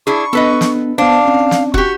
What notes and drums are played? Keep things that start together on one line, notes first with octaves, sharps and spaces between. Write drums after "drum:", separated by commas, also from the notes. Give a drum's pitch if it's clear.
D4 E4 G#4 C#6
B3 D4 A4 B4 D#5
drum: snare
B3 D4 C5 F5
C4 C#4
drum: snare
F#4 G4 C#6, drum: kick